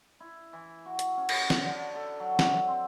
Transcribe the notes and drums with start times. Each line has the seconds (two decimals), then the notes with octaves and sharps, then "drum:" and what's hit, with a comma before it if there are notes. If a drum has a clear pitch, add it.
0.20 E4
0.53 E3
0.86 F#4
0.99 drum: hi-hat
1.17 C#4
1.29 drum: cymbal
1.50 drum: snare
1.60 D3
1.95 A4
2.20 F#3
2.39 drum: snare
2.68 C4